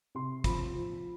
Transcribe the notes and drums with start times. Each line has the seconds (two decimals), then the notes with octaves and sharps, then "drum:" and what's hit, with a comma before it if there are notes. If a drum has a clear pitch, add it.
0.15 C3 C6
0.44 F3 B5, drum: kick, hi-hat
0.75 F3